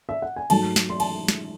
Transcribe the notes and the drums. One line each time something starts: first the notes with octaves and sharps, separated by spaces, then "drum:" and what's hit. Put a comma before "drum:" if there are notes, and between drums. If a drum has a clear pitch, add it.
E5
F#5
G#5
G#2 F#3 A3 A5, drum: cymbal
drum: snare
C6
A5, drum: cymbal
drum: snare